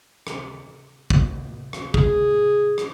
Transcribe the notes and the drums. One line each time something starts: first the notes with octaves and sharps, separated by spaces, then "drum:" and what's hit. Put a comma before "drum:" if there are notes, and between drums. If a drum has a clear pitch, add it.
drum: rim click
drum: kick
drum: rim click
G#4, drum: kick
drum: rim click